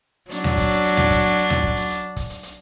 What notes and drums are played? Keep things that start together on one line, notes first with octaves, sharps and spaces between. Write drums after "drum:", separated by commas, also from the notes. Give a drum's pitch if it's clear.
F#3 D4, drum: hi-hat
drum: tom D2
drum: kick, hi-hat
drum: hi-hat
drum: hi-hat
drum: tom D2
drum: kick, hi-hat
drum: hi-hat
drum: hi-hat
drum: tom D2
drum: kick
drum: hi-hat
drum: hi-hat
drum: kick, hi-hat
drum: hi-hat
drum: hi-hat